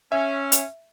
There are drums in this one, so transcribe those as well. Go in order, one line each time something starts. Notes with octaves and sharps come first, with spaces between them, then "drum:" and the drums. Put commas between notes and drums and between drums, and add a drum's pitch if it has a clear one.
C#4 E5
drum: hi-hat